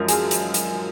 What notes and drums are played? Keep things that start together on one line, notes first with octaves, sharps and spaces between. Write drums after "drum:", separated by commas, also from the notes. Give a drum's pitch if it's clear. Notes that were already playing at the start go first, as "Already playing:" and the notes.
Already playing: F#2 F3 G#3 A#4
G#4, drum: hi-hat
drum: hi-hat
drum: hi-hat